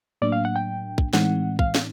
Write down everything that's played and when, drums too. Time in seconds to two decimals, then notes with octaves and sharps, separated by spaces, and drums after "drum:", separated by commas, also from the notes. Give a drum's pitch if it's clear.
0.22 A2 F#3 A#3 D4 D5
0.32 F5
0.45 F#5
0.56 G5
0.98 drum: kick
1.13 A2 E3 G#3 C4 D#4 F#5, drum: snare
1.59 F5, drum: kick
1.75 drum: snare